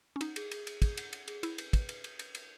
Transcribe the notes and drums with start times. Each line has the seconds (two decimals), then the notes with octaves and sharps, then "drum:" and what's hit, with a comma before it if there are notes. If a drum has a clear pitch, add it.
0.16 C#4
0.21 D#4 F#5, drum: cymbal
0.36 G#4, drum: cymbal
0.51 G#4, drum: cymbal
0.67 G#4, drum: cymbal
0.82 G#4, drum: kick, cymbal
0.97 F#5, drum: cymbal
1.13 F#5, drum: cymbal
1.28 G#4, drum: cymbal
1.43 E4 B4, drum: cymbal
1.58 B4, drum: cymbal
1.73 B4, drum: kick, cymbal
1.89 B4, drum: cymbal
2.04 B4, drum: cymbal
2.19 B4, drum: cymbal
2.35 B4, drum: cymbal